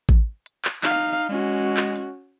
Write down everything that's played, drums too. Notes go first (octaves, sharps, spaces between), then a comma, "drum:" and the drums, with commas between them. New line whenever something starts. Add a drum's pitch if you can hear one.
drum: kick A1, hi-hat
drum: hi-hat
drum: clap
D#4 F5, drum: clap
G#3 C#4 F#4
drum: clap
drum: hi-hat